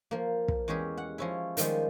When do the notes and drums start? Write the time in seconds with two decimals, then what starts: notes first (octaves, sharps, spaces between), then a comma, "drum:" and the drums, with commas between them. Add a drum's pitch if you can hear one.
0.11 F3 A#3
0.48 drum: kick
0.68 E2 G#3 C#4 G4 G#4
0.97 F#5
1.18 F3 C#4 E4
1.57 D#3 F3 G3 G#3, drum: hi-hat